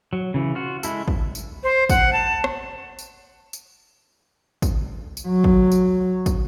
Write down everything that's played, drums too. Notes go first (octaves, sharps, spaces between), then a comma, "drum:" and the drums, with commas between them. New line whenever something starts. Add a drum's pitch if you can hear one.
F#3
C#3 E3
F4 F#4
G#3 E4 A4, drum: tambourine
drum: kick
drum: tambourine
C5
F#5, drum: kick, tambourine
A5
drum: rim click
drum: tambourine
drum: tambourine
drum: kick, tambourine
drum: tambourine
F#3
drum: kick
drum: tambourine
drum: kick, tambourine